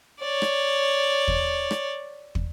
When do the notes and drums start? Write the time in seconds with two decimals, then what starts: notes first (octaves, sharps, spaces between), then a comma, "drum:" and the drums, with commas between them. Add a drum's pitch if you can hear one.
0.20 C#5 D5
0.42 drum: rim click
1.28 drum: kick
1.71 drum: rim click
2.35 drum: kick